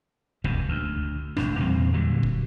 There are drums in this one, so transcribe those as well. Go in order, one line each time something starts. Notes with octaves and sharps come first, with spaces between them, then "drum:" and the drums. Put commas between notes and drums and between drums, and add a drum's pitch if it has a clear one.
D#1 C#2 G2 B2, drum: kick
D2
E1 A1 E2 D4, drum: rim click
E2 A#2 G3 C4
A#2 D3 F#3 G3
drum: kick